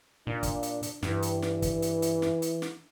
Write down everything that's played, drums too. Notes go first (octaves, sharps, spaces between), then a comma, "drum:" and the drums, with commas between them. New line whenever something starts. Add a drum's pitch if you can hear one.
A#2 D4
drum: kick, hi-hat
drum: hi-hat
drum: hi-hat
G2 E3, drum: snare
drum: hi-hat
drum: snare
drum: kick, hi-hat
drum: hi-hat
drum: hi-hat
drum: snare
drum: hi-hat
drum: snare